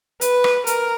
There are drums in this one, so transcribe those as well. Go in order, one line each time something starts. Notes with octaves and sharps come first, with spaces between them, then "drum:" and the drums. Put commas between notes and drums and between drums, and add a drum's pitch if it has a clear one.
B4, drum: hi-hat
drum: rim click
A#4, drum: hi-hat